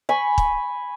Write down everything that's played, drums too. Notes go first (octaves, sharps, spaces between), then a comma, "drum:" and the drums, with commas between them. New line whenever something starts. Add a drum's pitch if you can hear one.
G#5 B5 C#6
drum: kick